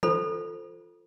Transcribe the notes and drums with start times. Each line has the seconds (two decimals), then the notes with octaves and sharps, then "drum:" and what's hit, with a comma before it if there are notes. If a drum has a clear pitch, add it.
0.03 F4 A4 C5 B5, drum: tom E3